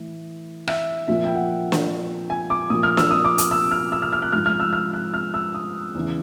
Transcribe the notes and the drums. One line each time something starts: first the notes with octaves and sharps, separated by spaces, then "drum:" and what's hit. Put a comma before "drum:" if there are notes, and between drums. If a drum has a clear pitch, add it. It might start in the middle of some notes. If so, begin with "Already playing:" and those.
Already playing: A2 E3
E5, drum: rim click
A#2 F3 E5
G5
F#5
drum: snare
G#5
D6
A#2 F3 D#6
F6
E6, drum: snare
D#6
D6
D#6, drum: hi-hat
E6
F6
E6
F6
F6
F#6
G#2 F3 F6
F6
E6
F6
F#6
F6
E6
D#6
E2 C#3 E3